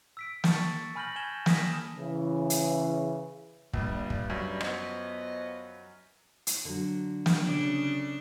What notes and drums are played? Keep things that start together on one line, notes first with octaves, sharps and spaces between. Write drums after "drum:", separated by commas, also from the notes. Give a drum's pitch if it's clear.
E6 B6 D7
A5 C#6 E6 A6 C#7, drum: snare
G#5 B5 F6 G6 A#6 F#7
G#5 F6 G6 G#6 E7 G7
G#5 D#6 A#6 B6 E7, drum: snare
C#3 E3
drum: hi-hat
A#1 G2 G3, drum: kick
drum: kick
F#2
F3 B3 D#5, drum: rim click
drum: hi-hat
D3 F#3
drum: snare
C#3 D4